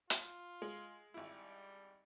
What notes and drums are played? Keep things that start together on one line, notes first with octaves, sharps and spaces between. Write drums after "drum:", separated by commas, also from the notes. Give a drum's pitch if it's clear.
F4, drum: hi-hat
G#3
G#1 G3 E4